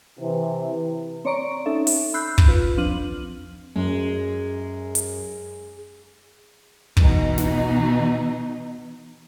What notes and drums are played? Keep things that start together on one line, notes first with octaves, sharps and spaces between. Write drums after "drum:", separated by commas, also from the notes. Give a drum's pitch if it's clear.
C3 E3
C4 C#5 D5 A#5 C#6 D7
C#4 D#4 A4 E5
drum: open hi-hat
B5 E6 F#6 G6 C7
drum: kick
F4 B4
F3 C4 D4 F6 D#7 F#7
F#2 G#3
drum: hi-hat
B2 E3 D#4, drum: kick
drum: snare